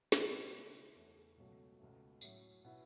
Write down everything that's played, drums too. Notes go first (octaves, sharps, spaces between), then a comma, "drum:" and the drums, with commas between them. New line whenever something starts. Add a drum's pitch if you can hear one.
C#2 B2 A3, drum: snare
C#3 A3 E4
E2 C#3 A3 C#4
C#2 B2 F#3 A3
C#2 B2 A3
A2 F#3 C#4, drum: tambourine
B2 B3 E4